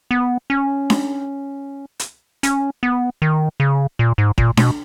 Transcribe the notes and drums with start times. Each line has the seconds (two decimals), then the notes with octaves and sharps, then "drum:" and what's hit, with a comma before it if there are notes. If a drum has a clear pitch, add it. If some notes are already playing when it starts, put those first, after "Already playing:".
0.11 B3
0.50 C#4
0.90 drum: snare D4
1.99 drum: hi-hat
2.43 C#4, drum: hi-hat
2.83 B3
3.22 D#3
3.60 C#3
3.99 A#2
4.18 G#2
4.38 A#2, drum: kick
4.57 B2, drum: snare D4